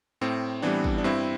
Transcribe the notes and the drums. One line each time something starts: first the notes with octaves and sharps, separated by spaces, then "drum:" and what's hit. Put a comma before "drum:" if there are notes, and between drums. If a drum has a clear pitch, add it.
A2 C4
E3 G3 B3 D4
drum: kick
D4
G2 C4 E4